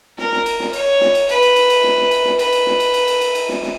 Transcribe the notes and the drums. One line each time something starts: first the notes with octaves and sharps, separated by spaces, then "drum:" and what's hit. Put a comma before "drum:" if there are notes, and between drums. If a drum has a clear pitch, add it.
A#4, drum: snare
drum: snare
drum: cymbal
drum: snare
C#5, drum: cymbal
drum: snare
drum: cymbal
B4, drum: cymbal
drum: cymbal
drum: cymbal
drum: cymbal
drum: snare
drum: snare
drum: cymbal
drum: snare
B4, drum: cymbal
drum: cymbal
drum: snare
drum: cymbal
drum: cymbal
drum: cymbal
drum: cymbal
drum: cymbal
drum: snare
drum: snare